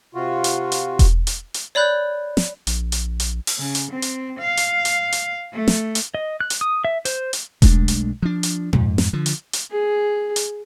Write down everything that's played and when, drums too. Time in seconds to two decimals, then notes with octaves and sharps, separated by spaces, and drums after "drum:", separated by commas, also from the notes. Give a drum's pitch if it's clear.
0.15 C3 F4 F#4
0.44 drum: hi-hat
0.72 drum: hi-hat
0.99 drum: kick E1, hi-hat
1.27 drum: hi-hat
1.54 drum: hi-hat
1.75 C#5 D5 B5 F#6 G6
2.37 drum: snare
2.67 A#1, drum: hi-hat
2.92 drum: hi-hat
3.20 drum: hi-hat
3.47 drum: open hi-hat
3.58 C#3
3.75 drum: hi-hat
3.91 C4
4.02 drum: hi-hat
4.39 F5
4.57 drum: hi-hat
4.85 drum: hi-hat
5.12 drum: hi-hat
5.53 A3
5.68 drum: snare
5.95 drum: hi-hat
6.15 D#5
6.41 F#6
6.50 drum: hi-hat
6.61 D#6
6.85 E5
7.05 C5, drum: hi-hat
7.33 drum: hi-hat
7.62 B1 G#3 A3 D4, drum: kick E1, hi-hat
7.88 drum: hi-hat
8.22 F3 D4
8.43 drum: hi-hat
8.73 F2 G#2, drum: tom A#2
8.98 drum: snare
9.13 D3 F3
9.26 drum: hi-hat
9.53 drum: hi-hat
9.71 G#4
10.36 drum: hi-hat